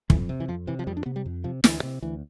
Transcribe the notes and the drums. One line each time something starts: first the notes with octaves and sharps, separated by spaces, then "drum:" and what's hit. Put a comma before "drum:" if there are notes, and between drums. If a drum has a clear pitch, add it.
F2 E3, drum: kick
C3
E3
F2 F3
C3 E3
F3
F2 G3
D4
C3 B3
G3
F2
C3 F3
D2 E3, drum: snare
C3
D2 E3